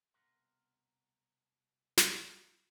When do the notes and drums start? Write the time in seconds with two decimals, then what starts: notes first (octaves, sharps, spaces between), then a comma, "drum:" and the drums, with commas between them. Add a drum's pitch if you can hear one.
0.14 C2 B2 A#4 E5 F#5 C6
1.97 drum: snare